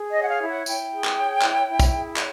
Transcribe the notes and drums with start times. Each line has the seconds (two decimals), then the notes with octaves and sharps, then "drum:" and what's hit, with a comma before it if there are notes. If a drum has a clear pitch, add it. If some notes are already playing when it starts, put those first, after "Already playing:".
Already playing: G#4
0.10 D#5
0.17 C#5
0.24 F#5
0.29 F5
0.42 E4
0.48 F#5
0.66 E4 G5, drum: tambourine
0.92 G#4
1.04 drum: clap
1.17 C#5
1.42 E4, drum: clap
1.67 E4
1.80 drum: kick, tambourine
1.93 G#4
2.17 C#5, drum: clap